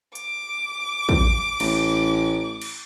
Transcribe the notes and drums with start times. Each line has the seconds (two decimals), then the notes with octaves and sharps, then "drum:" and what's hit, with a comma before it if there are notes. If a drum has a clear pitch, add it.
0.15 D6, drum: hi-hat
1.09 drum: kick
1.60 A1, drum: cymbal
2.62 drum: cymbal